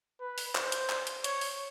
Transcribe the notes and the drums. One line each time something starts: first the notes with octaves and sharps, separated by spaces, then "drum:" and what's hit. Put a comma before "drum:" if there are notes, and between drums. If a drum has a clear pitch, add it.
B4
drum: open hi-hat
C5, drum: clap
drum: hi-hat
drum: clap
drum: hi-hat
C#5, drum: hi-hat
drum: open hi-hat